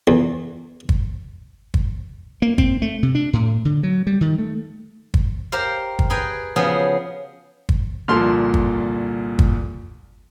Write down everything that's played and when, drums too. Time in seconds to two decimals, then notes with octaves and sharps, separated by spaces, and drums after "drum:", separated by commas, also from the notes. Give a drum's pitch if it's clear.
0.07 E2
0.89 drum: kick G1
1.74 drum: kick G1
2.42 A#3
2.58 C4, drum: kick G1
2.82 A3
3.03 C3
3.15 D4
3.33 A2
3.65 D3
3.83 F#3
4.07 G3
4.21 D#3
4.38 A3
5.14 drum: kick G1
5.52 G4 A#4 C5 F5
5.99 drum: kick G1
6.10 G#4 B4 G5 G#5 A#5
6.56 C#3 F3 B3 F#4 G#4
7.69 drum: kick G1
8.08 C2 A#2 D3 F3 C6 F6
8.54 drum: kick G1
9.39 drum: kick G1